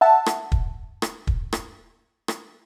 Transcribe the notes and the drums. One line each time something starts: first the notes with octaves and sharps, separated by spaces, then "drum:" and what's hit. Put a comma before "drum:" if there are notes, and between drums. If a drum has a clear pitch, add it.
E5 F#5 A5
drum: rim click
drum: kick
drum: rim click
drum: kick
drum: rim click
drum: rim click